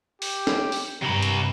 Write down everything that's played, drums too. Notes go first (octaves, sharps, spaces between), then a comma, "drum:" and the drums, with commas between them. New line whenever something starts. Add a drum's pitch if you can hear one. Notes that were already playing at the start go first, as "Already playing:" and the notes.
G4, drum: open hi-hat
drum: snare
drum: open hi-hat
G2 C3 A#5 B5
drum: hi-hat